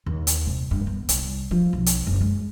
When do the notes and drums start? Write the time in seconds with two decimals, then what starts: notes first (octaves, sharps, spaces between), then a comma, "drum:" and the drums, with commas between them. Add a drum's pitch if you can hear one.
0.06 D#2
0.27 drum: hi-hat
0.47 C3
0.71 G2
0.87 B3
1.09 C2, drum: hi-hat
1.51 F3
1.73 B1
1.86 drum: hi-hat
2.07 F#1
2.21 G#3